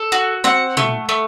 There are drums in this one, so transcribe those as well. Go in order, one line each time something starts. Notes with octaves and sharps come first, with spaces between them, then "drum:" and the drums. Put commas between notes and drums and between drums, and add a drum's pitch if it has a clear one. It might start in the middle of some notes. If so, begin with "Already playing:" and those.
Already playing: A4
F#4
C4 F#5, drum: snare
A3, drum: tom
A3